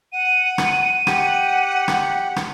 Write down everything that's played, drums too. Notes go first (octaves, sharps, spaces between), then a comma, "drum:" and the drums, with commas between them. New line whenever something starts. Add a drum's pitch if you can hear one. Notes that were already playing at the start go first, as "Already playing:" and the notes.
F#5 D#7
drum: rim click
G4 F#5, drum: rim click
drum: rim click
drum: rim click